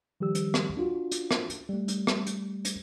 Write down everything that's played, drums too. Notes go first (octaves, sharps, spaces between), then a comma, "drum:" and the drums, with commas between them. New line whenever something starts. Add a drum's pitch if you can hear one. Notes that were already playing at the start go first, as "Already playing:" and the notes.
D#3 F3 G3 G4 E6
drum: hi-hat
drum: rim click
D4 F4 F#4
drum: hi-hat
drum: rim click
drum: hi-hat
G3 A3
drum: hi-hat
drum: rim click
drum: hi-hat
drum: hi-hat